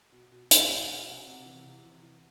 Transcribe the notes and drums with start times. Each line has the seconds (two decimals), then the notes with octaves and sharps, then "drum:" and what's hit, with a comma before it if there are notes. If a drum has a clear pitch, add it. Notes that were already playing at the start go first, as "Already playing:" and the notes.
0.12 B2
0.32 B2
0.51 B2 G5, drum: hi-hat
0.70 B2 F#5
0.89 B2 F5
1.02 F5
1.08 C3 F#5
1.27 C3
1.45 E3
1.65 C3
1.85 E3
2.03 E3